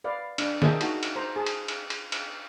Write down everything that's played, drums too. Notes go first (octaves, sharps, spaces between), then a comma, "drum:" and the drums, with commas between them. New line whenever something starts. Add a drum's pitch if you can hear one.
B4 D5 F5
D4, drum: cymbal
G#4 A#4 D#5 E5 G5 A5, drum: snare D#3
D#4 F#4 A5, drum: cymbal
drum: cymbal
C5 A#5
G#4 A5
drum: cymbal
drum: cymbal
drum: cymbal
drum: cymbal